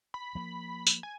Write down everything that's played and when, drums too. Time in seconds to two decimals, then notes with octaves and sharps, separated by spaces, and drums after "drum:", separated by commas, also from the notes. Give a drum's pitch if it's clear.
0.14 B5
0.35 F3 A#3
0.87 drum: tambourine
1.03 G#5